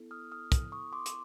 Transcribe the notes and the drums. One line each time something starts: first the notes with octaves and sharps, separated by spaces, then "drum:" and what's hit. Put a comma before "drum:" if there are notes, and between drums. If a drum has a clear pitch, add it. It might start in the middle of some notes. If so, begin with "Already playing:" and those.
Already playing: B3 E4 A4
D#6 F6
D#6 F6
drum: kick, hi-hat
C#6 D#6
C6 D6
drum: hi-hat